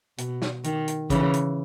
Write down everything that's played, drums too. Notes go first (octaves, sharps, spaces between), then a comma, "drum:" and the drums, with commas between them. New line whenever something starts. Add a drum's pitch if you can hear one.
B2, drum: hi-hat
drum: snare
D#3, drum: hi-hat
drum: hi-hat
C#3 E3, drum: kick, hi-hat
drum: hi-hat